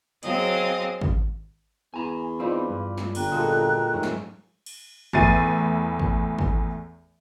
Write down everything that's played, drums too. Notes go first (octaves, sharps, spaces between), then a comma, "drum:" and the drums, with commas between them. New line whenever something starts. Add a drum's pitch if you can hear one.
F#3 C4 G#4 D#5 F5, drum: hi-hat
drum: kick G#1
E2 G#5 A#5
C4 D#4 F4 B4 D5
G2
drum: snare
G1 G5 A#5 F#6, drum: cymbal
A#2 G#3 A#3 F#4 A4
F2 G#2 D#3 A3 C#4
drum: snare
drum: cymbal
E2 A2 G#5 A6 C7 D#7, drum: kick G#1
drum: kick G#1
drum: kick G#1